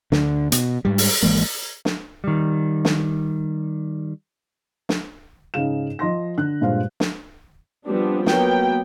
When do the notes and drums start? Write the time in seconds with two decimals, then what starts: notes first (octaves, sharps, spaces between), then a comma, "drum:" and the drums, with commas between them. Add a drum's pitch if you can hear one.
0.12 D2 D3, drum: snare
0.52 B2, drum: hi-hat
0.85 G#2 G3
0.98 drum: open hi-hat
1.23 G#1 E3 G#3 A#3
1.85 drum: snare
2.24 D#3 G3
2.85 drum: snare
4.89 drum: snare
5.54 G#2 C#3 D#4 G#4 F5 E7
5.99 F3 D#5 C6 A#6
6.38 D3 F#6
6.61 G2 A#2 G#3 C5 F5
7.00 drum: snare
7.85 F3 G3 B3 C4 D4
8.26 F#3 A#3 B3 G5, drum: snare